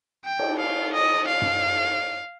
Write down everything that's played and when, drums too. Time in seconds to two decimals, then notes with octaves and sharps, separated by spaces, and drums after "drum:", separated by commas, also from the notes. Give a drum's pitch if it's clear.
0.25 G5
0.39 drum: cymbal
0.59 F5
0.93 D#5
1.27 F5
1.42 drum: tom F#2